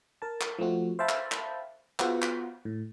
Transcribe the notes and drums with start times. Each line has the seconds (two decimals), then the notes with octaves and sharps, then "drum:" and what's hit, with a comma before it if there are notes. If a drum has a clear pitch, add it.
0.22 A#4 A5
0.41 drum: clap
0.59 F3 A3 C4 F#4
0.99 C5 E5 F5 G5 A5 B5
1.09 drum: clap
1.32 drum: clap
1.99 B3 F4 F#4 G#4 C5 F#5, drum: clap
2.22 drum: clap
2.65 A2